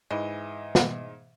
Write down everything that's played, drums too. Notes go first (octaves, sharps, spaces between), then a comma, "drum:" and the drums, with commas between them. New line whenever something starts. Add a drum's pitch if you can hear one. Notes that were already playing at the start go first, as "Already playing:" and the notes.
G#2 E3 D#5
drum: snare